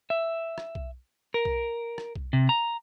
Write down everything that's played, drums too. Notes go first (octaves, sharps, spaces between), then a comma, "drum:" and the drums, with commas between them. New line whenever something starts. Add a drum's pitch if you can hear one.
E5
drum: rim click
drum: kick B1
A#4
drum: kick B1
drum: rim click
drum: kick B1
C3
A#5